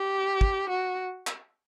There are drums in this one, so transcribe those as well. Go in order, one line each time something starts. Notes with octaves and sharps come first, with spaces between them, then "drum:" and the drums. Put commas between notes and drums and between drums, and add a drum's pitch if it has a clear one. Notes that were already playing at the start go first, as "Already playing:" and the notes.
Already playing: G4
drum: kick
F#4
drum: clap